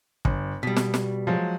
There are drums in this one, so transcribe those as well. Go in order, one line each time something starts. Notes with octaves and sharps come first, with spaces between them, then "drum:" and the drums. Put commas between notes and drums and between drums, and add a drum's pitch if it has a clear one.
G1, drum: kick
B2 G3 B6
drum: snare
drum: snare
F3 F#3 G#3